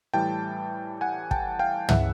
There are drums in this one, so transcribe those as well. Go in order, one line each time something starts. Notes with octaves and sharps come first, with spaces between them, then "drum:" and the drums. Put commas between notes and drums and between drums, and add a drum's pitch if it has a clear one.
A2 E3 G3 G5 A5
F#5 G#5
G5 A5, drum: kick
F5 G5
C#3 E3 E5 F#5, drum: tom